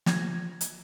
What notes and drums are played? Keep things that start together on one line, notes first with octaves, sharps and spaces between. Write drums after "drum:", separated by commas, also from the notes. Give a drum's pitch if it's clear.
F3 G#6 A#6, drum: snare
drum: hi-hat